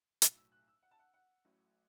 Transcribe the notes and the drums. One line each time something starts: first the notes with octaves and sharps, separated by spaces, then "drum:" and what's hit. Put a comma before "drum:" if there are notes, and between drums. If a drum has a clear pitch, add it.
B1 A2 F#3, drum: hi-hat
E6
F#6
E6
F#5
A5
F#5
F#5
A1 A2 F#3